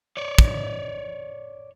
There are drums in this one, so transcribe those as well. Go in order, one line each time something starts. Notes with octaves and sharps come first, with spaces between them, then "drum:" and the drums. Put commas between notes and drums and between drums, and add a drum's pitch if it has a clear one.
C#5 D5
drum: kick